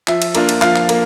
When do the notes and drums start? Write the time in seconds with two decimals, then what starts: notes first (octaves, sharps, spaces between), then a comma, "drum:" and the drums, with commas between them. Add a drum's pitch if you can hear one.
0.07 F3 E5, drum: clap
0.22 drum: cymbal
0.35 A#3 D4 F4, drum: cymbal
0.49 drum: cymbal
0.62 F3 F5, drum: clap
0.76 drum: clap
0.89 A#3, drum: cymbal